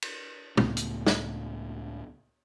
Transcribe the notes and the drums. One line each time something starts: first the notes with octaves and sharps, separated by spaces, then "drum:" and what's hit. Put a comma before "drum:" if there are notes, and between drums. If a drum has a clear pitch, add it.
drum: cymbal
C#2 A2 B3, drum: tom
drum: hi-hat
drum: snare